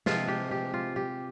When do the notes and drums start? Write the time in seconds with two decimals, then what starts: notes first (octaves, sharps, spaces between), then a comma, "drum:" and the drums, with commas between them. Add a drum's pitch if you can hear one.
0.06 C3 F3 G#3 F4, drum: snare
0.28 G4
0.51 G4
0.74 F4
0.96 G4